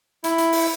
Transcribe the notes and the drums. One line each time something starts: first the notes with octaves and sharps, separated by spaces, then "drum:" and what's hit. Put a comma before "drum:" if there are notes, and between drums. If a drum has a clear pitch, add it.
E4, drum: hi-hat
drum: hi-hat
drum: open hi-hat